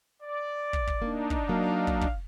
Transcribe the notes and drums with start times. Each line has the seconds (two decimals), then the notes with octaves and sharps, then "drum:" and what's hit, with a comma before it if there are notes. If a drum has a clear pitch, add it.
0.21 D5
0.73 drum: kick
0.87 drum: kick
1.02 A#3 D4 D#4
1.30 drum: kick
1.49 F#3 A#3 F5
1.87 drum: kick
2.01 drum: kick